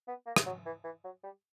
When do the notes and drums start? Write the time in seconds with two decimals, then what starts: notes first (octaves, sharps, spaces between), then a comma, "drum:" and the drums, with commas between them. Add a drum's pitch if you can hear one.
0.08 B3
0.26 A#3
0.36 drum: rim click
0.46 F#3
0.66 E3
0.84 E3
1.04 F#3
1.23 G3